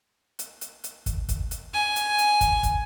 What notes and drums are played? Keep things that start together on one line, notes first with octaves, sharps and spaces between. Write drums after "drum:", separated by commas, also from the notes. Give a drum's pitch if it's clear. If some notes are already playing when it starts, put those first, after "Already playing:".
drum: hi-hat
drum: hi-hat
drum: hi-hat
drum: kick, hi-hat
drum: kick, hi-hat
drum: hi-hat
G#5
drum: hi-hat
drum: hi-hat
drum: kick, hi-hat
drum: kick, hi-hat